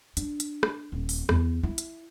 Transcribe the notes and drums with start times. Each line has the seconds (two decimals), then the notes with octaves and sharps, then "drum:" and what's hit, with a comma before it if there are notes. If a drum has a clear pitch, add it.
0.17 D4, drum: hi-hat
0.40 drum: hi-hat
0.63 drum: rim click
0.92 D#1
1.09 drum: open hi-hat
1.29 E2, drum: rim click
1.63 E4
1.78 drum: hi-hat